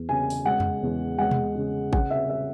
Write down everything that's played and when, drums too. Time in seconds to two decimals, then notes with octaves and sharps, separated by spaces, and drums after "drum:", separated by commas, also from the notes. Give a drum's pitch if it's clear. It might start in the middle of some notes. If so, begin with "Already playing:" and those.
Already playing: E2
0.09 C#3 G#5
0.30 drum: open hi-hat
0.45 G#3 F#5
0.60 drum: tom F2
0.82 E2
1.18 G#3 F#5
1.31 drum: tom B2
1.55 C#3
1.93 C#3 F#5, drum: kick A1
2.10 E5
2.29 E5